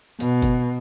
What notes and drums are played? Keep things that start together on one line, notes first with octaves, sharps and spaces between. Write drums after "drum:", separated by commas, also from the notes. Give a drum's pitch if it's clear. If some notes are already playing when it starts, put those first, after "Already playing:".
B2, drum: hi-hat
drum: kick F#1, hi-hat